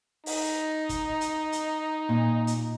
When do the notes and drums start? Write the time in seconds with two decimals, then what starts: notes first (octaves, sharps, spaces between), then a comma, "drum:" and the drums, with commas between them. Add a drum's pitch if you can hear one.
0.26 D#4, drum: open hi-hat
0.89 drum: kick, hi-hat
1.21 drum: hi-hat
1.52 drum: hi-hat
2.09 A#2
2.47 drum: hi-hat